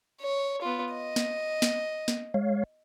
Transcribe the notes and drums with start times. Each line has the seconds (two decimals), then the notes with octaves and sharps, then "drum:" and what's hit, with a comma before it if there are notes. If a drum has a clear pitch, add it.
0.21 C#5
0.62 B3 F4
0.93 D#5
1.16 drum: snare
1.62 drum: snare
2.08 drum: snare
2.34 G#3 C#5 F5